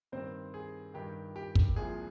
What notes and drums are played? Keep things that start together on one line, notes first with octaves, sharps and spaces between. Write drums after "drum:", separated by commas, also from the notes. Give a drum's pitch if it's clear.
G2 D#3 C4 C5
G#4
G2 D#3 G4
G4
drum: kick
C2 A#2 F3 G#4